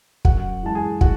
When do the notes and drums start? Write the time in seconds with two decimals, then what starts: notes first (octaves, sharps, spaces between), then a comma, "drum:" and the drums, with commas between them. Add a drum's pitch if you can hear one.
0.25 F#2 F#4 F#5, drum: kick
0.63 E3 G#3 A5
0.75 G#4 G#5
1.01 F#4 F#5, drum: kick